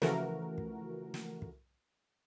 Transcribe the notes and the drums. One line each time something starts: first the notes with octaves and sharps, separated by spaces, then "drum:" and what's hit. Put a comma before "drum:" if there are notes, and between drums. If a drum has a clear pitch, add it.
C#3 E3 F3 A3 F#4 A#4, drum: snare
drum: kick
drum: snare
drum: kick